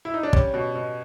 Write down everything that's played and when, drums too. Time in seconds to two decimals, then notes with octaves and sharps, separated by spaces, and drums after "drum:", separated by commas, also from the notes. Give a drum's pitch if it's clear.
0.05 E4
0.14 D#4
0.23 D4
0.33 G3 C#4, drum: kick
0.54 B2
0.75 B2